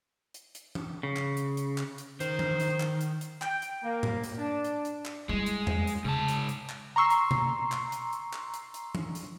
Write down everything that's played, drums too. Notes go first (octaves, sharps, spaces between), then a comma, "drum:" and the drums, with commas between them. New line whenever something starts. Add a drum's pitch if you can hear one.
drum: hi-hat
drum: hi-hat
drum: tom E3
C#3
drum: clap
drum: hi-hat
drum: hi-hat
drum: clap
drum: hi-hat
D#3 C5, drum: hi-hat
drum: tom E3
drum: hi-hat
drum: clap
drum: hi-hat
drum: hi-hat
G5, drum: clap
drum: hi-hat
A#3
drum: tom A2
drum: hi-hat
D4
drum: hi-hat
drum: hi-hat
drum: clap
G3 G#3 E4
drum: hi-hat
drum: tom E2
drum: hi-hat
G#2 C#3 A5
drum: hi-hat
drum: hi-hat
drum: clap
A#5 C6 C#6 E6 C7
drum: hi-hat
drum: tom B2
drum: clap
drum: hi-hat
drum: hi-hat
drum: clap
drum: hi-hat
drum: hi-hat
drum: tom E3
drum: hi-hat